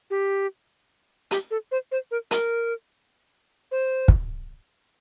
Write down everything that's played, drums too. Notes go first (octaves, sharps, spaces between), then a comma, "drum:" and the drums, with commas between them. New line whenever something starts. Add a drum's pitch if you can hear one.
G4
G4, drum: hi-hat
A4
C5
C5
A#4
A#4, drum: hi-hat
C5
drum: kick